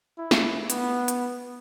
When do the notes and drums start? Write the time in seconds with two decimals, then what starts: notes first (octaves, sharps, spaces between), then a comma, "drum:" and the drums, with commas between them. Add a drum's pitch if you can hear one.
0.18 E4
0.31 drum: snare
0.70 B3, drum: hi-hat
1.08 drum: hi-hat